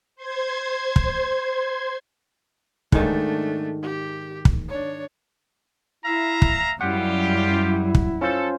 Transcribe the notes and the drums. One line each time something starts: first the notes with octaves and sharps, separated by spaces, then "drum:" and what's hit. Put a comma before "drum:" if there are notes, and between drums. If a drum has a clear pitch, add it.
C5 C6 G#6
drum: kick
G#2 D#3 A3 D4, drum: kick
G4
drum: kick
D4 C#5
E4 E5 F5 A#5
drum: kick
F#2 G3 E4 F4 G4 F#5
drum: kick
C#4 F4 A4 C5